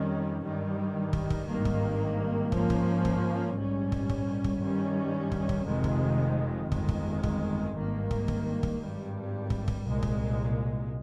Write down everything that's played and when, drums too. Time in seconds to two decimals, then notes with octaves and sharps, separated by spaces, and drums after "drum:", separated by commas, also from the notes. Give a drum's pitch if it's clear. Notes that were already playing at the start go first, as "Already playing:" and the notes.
Already playing: F2 D#3 G3 C#4
0.43 G2 D#3 G3
1.13 drum: kick
1.30 drum: kick
1.48 G#1 G2 D#3 A#3
1.65 drum: kick
2.52 G#2 F3 A#3 C#4, drum: kick
2.70 drum: kick
3.05 drum: kick
3.57 A#1 G#2 G3 C#4
3.92 drum: kick
4.10 drum: kick
4.44 drum: kick
4.61 G2 D#3 G3 C#4
5.32 drum: kick
5.49 drum: kick
5.66 F1 F2 C3 D#3 G#3
5.84 drum: kick
6.72 G1 F2 D#3 G#3, drum: kick
6.89 drum: kick
7.23 drum: kick
7.76 G#1 G2 D#3 A#3
8.11 drum: kick
8.28 drum: kick
8.63 drum: kick
8.80 G#1 G2 G3
9.50 drum: kick
9.68 drum: kick
9.85 C2 A#2 G#3
10.03 drum: kick